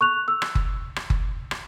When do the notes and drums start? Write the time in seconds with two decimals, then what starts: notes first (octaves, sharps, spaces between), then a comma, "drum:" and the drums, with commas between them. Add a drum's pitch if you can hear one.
0.01 C#6 F#6 F7
0.28 E6
0.42 drum: rim click
0.55 drum: kick F#1
0.96 drum: rim click
1.10 drum: kick F#1
1.51 drum: rim click